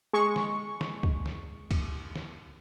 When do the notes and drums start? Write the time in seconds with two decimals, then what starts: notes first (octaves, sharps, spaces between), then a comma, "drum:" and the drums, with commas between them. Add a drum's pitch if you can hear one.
0.13 G#3 C#6
0.36 drum: snare
0.81 drum: snare
1.03 drum: kick
1.26 drum: snare
1.71 drum: kick, cymbal
2.16 drum: snare